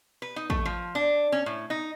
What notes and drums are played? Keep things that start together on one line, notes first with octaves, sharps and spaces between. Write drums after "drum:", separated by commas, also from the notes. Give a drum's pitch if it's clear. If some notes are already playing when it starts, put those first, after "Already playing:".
B4
D#4
A3, drum: kick
F3
D4
C#4
A2
D#4